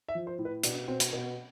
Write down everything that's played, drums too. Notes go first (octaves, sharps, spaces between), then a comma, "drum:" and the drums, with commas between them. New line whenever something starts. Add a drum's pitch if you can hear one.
E5
F3
C5
A2
B4
B2 D4, drum: hi-hat
B2 C4
drum: hi-hat
B2 B3